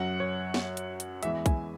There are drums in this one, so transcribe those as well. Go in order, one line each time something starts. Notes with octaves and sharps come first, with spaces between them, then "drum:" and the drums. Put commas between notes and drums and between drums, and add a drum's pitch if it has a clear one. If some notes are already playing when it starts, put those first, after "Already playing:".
Already playing: F#2 F#3 F#5
C#5
drum: snare
drum: hi-hat
drum: hi-hat
E2 E3 G#3 E5, drum: hi-hat
G#5, drum: kick B1, hi-hat